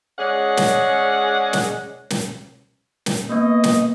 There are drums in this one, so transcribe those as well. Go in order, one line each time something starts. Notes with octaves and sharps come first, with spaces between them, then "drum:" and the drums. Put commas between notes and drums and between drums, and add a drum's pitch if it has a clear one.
G#3 C#4 G#4 D5 F#5
drum: snare
drum: snare
drum: snare
drum: snare
A#3 B3 D#5
drum: snare